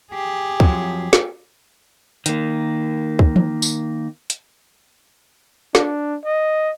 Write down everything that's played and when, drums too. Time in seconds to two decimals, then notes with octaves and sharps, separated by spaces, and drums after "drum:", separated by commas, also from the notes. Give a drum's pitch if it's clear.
0.13 G4 G#4
0.60 F2 F3 F#3, drum: kick
1.13 drum: snare
2.26 D#3 A#3, drum: hi-hat
3.19 drum: kick
3.36 drum: tom E3
3.62 drum: tambourine
4.30 drum: hi-hat
5.75 D4, drum: snare
6.25 D#5